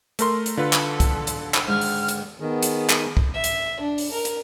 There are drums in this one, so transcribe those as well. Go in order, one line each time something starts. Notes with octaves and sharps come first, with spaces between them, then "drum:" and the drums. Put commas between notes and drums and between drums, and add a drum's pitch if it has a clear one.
A3 A#4 C6, drum: hi-hat
drum: hi-hat
D3 F4 A4 B4
drum: clap
drum: kick, hi-hat
drum: hi-hat
drum: clap
G#2 D#3 F6
drum: open hi-hat
drum: hi-hat
D#3 B3 G#4
drum: hi-hat
drum: clap
drum: kick
E5
drum: hi-hat
D4
drum: open hi-hat
A#4
drum: hi-hat